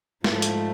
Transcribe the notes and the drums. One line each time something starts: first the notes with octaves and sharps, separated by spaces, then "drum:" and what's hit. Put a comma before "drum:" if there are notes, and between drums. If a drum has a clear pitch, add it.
G#2 F3 A3, drum: snare
drum: hi-hat